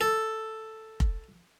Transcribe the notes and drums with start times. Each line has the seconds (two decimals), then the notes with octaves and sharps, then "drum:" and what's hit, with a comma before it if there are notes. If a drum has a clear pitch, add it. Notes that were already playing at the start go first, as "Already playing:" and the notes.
0.01 A4
1.00 drum: kick F1